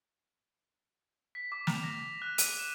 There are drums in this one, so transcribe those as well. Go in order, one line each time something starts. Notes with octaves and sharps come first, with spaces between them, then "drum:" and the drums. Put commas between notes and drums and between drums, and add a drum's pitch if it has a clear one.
B6
D6
F7, drum: snare
A#6
F#6
D#7, drum: hi-hat
E7